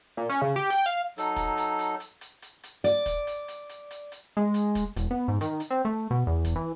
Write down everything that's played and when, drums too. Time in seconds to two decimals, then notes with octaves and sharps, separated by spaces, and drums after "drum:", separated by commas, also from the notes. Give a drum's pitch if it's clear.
0.17 A#2
0.30 C#4, drum: hi-hat
0.42 C#3
0.56 G4
0.70 G5, drum: hi-hat
0.86 F5
1.18 F#3 D#4 A4, drum: hi-hat
1.36 drum: kick, hi-hat
1.58 drum: hi-hat
1.79 drum: hi-hat
2.00 drum: hi-hat
2.21 drum: hi-hat
2.42 drum: hi-hat
2.63 drum: hi-hat
2.84 D5, drum: hi-hat
3.06 drum: kick, hi-hat
3.27 drum: hi-hat
3.48 drum: hi-hat
3.69 drum: hi-hat
3.91 drum: hi-hat
4.12 drum: hi-hat
4.37 G#3
4.54 drum: hi-hat
4.75 drum: kick, hi-hat
4.96 E1, drum: hi-hat
5.11 B3
5.28 G#2
5.41 D#3, drum: hi-hat
5.60 drum: hi-hat
5.70 C4
5.85 A3
6.11 B2
6.27 E2
6.45 drum: kick, hi-hat
6.56 E3